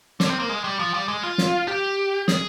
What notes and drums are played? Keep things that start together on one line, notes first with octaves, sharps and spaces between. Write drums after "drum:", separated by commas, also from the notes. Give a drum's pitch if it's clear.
D3, drum: snare
C4
A#3
G#3
G3
F3
G3
G#3
F4
drum: snare
G4
G#4, drum: snare